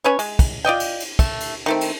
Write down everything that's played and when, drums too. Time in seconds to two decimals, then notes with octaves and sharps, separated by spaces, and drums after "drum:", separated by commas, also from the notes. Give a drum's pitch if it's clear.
0.04 C#4 B4 C#5
0.19 G#3, drum: cymbal
0.39 drum: kick, cymbal
0.65 F4 D5 D#5 G5
0.80 drum: cymbal
1.00 drum: cymbal
1.19 A3, drum: kick, cymbal
1.40 drum: cymbal
1.66 D#3 A3 C4
1.81 drum: cymbal